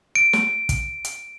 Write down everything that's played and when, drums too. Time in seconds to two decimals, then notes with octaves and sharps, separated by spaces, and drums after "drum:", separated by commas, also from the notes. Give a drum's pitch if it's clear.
0.15 D7
0.33 drum: snare
0.69 drum: kick, hi-hat
1.05 drum: hi-hat